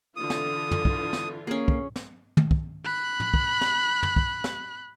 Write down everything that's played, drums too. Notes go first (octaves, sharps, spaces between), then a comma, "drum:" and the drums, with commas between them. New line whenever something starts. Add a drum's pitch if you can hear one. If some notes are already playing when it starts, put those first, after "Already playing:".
D3 E3 F4 D#6
drum: snare
drum: tom
drum: kick
drum: snare
A#3 C#4 G#4
drum: kick
drum: snare
drum: tom
drum: kick
B5 F#6
drum: tom
drum: kick
drum: snare
drum: tom
drum: kick
drum: snare